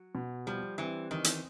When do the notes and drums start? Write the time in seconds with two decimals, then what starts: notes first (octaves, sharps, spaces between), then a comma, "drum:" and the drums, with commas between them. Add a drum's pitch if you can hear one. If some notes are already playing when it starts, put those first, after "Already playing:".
Already playing: F#3
0.15 B2
0.47 F3 G3
0.78 E3 C4
1.11 D#3 E3
1.24 drum: hi-hat